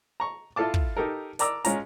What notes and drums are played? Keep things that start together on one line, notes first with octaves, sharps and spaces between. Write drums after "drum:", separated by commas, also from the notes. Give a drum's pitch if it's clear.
A#5 C#6
E4 F4 A4 F5 A5 D6
drum: kick
D#4 G4 A4 A#4
A#4 D5 A#5 D6 E6, drum: hi-hat
G#3 C#4 F4 A#5, drum: hi-hat